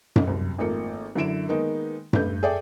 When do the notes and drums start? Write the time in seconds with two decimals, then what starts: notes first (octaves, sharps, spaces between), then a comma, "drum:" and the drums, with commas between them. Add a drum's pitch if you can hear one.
0.16 drum: tom F#2
0.27 C2 F#2
0.58 G#1 F3 A3 A#3 C#7
1.15 F#2 D3 E4 D7 E7
1.49 D#3 G#3 A#3 B3 D#4
2.13 G2 A3 B4 G6, drum: tom F#2
2.43 G#4 A4 D5 E5 G5